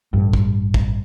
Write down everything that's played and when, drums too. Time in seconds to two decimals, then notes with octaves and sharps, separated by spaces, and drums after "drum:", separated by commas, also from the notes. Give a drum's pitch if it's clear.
0.13 A1 G2
0.33 drum: kick
0.74 drum: kick